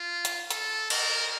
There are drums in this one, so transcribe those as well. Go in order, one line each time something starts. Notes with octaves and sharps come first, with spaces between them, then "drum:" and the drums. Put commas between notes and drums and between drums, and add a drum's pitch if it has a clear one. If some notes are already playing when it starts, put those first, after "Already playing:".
Already playing: F4
drum: hi-hat
A4, drum: hi-hat
A#4, drum: cymbal